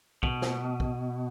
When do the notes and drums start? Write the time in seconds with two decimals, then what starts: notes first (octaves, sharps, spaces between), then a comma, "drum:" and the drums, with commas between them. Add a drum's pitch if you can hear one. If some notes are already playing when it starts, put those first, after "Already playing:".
0.23 B2, drum: kick
0.42 drum: snare
0.80 drum: kick